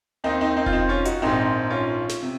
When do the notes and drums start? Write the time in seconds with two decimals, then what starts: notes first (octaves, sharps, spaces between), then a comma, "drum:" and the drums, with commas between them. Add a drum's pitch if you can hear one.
0.24 D#2 D#3 C4 D#4
0.41 C4 D#4
0.57 C4 D#4
0.66 F4, drum: kick F1
0.73 C4 D#4
0.89 C#4 F4
1.05 D#4 F#4, drum: hi-hat
1.22 A#1 G#2 D#3 C4 D#4
1.70 C#4 F4
2.09 drum: snare
2.23 C3